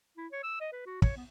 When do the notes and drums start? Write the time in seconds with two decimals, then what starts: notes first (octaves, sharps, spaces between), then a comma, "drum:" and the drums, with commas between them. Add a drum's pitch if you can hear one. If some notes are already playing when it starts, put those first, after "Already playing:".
0.17 E4
0.32 C#5
0.43 E6
0.60 D#5
0.72 B4
0.86 F#4
1.02 C#5, drum: kick
1.17 B3